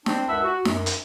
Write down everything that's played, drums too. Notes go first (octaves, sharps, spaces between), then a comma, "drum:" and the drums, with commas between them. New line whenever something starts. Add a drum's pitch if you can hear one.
C4 D4, drum: snare
C#2 F#2 D4 E5 F#5 B5
F#4
F#2, drum: snare
drum: hi-hat